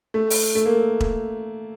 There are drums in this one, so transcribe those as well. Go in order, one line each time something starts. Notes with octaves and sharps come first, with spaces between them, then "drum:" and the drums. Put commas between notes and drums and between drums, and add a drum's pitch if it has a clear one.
A3
drum: open hi-hat
A3
A#3
drum: kick E1